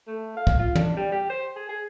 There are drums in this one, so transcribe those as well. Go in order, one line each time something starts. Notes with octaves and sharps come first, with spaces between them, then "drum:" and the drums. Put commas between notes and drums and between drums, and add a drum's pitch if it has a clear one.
A3
F5
drum: kick
F4
D4, drum: tom
G3
G4
C5
G#4
G#4